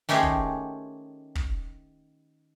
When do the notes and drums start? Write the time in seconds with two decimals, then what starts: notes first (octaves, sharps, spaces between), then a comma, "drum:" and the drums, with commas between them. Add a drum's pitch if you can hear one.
0.09 D#3 A3 C#4 G4 G#4 C5
0.23 drum: kick
1.35 drum: kick